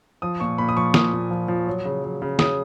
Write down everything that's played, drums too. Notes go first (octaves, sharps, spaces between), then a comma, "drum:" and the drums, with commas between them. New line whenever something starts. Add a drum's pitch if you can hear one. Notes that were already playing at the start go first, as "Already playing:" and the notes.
F3 D#6
A#2 C#6
A#2 B5
D#6
F3 C#6
A#2 D#6, drum: snare
A#2
F3
F3
F#3
C#3
F#3
C#3
C#3 D#6, drum: snare